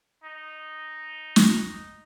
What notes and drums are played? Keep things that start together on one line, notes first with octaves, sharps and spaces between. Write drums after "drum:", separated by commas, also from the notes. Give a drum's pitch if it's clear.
D#4
drum: snare